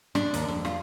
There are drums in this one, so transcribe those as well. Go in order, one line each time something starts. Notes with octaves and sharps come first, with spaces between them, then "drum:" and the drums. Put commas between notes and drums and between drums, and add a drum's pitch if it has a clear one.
D4, drum: rim click
D#2, drum: hi-hat
F2
F4, drum: rim click